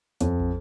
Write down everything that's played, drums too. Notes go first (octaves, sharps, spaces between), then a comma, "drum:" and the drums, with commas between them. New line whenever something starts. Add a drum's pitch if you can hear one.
F2, drum: hi-hat
drum: kick